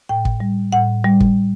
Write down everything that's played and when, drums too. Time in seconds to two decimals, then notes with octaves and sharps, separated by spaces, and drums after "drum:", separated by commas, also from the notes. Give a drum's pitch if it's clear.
0.09 A2 G5
0.25 drum: kick
0.40 G3
0.72 A2 F#5
1.05 G3
1.20 drum: kick